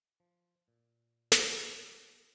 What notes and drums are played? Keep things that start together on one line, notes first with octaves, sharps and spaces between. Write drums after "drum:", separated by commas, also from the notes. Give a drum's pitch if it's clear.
F3
A#2
drum: snare
C3